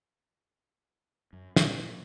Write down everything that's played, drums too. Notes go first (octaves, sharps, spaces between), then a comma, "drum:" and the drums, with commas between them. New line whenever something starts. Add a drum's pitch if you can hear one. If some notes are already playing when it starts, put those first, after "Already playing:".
F#2
A#2, drum: snare